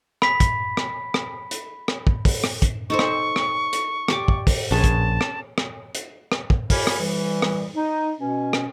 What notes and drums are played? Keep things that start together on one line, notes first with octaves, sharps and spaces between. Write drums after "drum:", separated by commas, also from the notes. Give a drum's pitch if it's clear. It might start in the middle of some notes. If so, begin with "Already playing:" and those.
B5 B6, drum: rim click
drum: kick, hi-hat
drum: rim click
drum: rim click
drum: hi-hat
drum: rim click
drum: kick
drum: kick, open hi-hat
drum: rim click
drum: kick, hi-hat
D#4 A4 C5 C#6
drum: rim click
drum: rim click
drum: hi-hat
G4 D5 D6, drum: rim click
drum: kick
drum: kick, open hi-hat
A#1 C#4 G#4 B4 A5
drum: kick, hi-hat
drum: rim click
drum: rim click
drum: hi-hat
drum: rim click
drum: kick
A#2 G4 C#5 G#5 B5 F6, drum: kick, open hi-hat
drum: rim click
E3 G3
drum: rim click
D#4
B2 C#4
drum: rim click